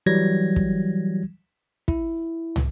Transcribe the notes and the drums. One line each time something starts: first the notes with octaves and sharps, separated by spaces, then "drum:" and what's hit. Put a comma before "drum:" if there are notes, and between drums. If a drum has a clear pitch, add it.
E3 F#3 G3 G#6 A#6
drum: kick
E4, drum: kick
drum: tom